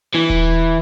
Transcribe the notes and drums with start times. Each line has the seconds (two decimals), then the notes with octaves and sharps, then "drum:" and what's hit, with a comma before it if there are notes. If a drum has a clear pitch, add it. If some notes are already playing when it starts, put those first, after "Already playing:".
0.14 E3
0.30 drum: kick D#1